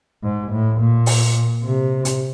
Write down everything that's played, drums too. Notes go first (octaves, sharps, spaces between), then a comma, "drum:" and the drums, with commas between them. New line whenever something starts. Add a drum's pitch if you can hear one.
G#2
A2
A#2
drum: open hi-hat
C3
drum: hi-hat